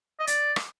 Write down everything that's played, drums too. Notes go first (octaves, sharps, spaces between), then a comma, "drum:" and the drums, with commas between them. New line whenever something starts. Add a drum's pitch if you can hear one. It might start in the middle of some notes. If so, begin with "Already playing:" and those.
D#5
D5, drum: hi-hat
drum: rim click